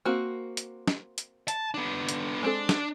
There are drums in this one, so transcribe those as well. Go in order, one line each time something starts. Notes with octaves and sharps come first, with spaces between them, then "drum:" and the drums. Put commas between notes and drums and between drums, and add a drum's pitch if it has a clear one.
A#3 C4 F#4
drum: hi-hat
drum: snare
drum: hi-hat
A5, drum: hi-hat
B3 D4
drum: hi-hat
G#3 C4 D4 A4
drum: snare